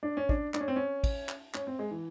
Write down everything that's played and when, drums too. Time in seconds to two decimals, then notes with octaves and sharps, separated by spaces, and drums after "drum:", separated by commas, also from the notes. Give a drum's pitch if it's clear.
0.03 D4
0.17 C#4
0.29 D4, drum: kick
0.54 D4, drum: clap
0.60 C#4
0.68 C4
0.76 C#4
1.04 drum: kick, cymbal
1.29 drum: clap
1.54 C#4, drum: clap
1.67 C4
1.79 G#3
1.91 E3